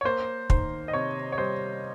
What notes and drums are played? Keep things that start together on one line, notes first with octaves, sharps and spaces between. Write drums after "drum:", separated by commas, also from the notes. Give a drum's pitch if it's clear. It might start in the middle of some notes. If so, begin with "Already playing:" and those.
C#5
A#3 C5
D#3 C5, drum: kick
D#5
C3 C#5
C#5
G3 C5